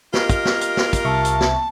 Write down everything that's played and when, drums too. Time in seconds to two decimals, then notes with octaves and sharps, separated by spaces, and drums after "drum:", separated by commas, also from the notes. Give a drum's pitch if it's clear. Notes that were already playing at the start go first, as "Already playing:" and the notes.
0.14 F4 G4 A#4 D#5, drum: snare
0.30 drum: kick, hi-hat
0.45 drum: snare
0.61 drum: hi-hat
0.77 drum: snare
0.93 drum: kick, hi-hat
1.05 C2 E5 A5 C#6
1.25 drum: hi-hat
1.41 drum: snare